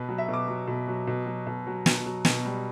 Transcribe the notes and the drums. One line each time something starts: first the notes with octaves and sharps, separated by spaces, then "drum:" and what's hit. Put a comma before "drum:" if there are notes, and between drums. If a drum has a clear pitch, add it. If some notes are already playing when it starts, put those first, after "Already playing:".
Already playing: B2 B4
F#3
E5
B2
D6
F#3
B2
F#3
B2
F#3
B2
F#3
B2, drum: snare
F#3
B2, drum: snare
G3